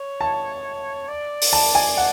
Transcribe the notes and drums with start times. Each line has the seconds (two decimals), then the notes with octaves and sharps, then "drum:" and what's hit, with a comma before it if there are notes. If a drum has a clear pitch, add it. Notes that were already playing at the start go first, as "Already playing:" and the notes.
Already playing: C#5
0.21 A5
1.08 D5
1.42 drum: open hi-hat
1.53 A5
1.75 G#5
1.97 F#5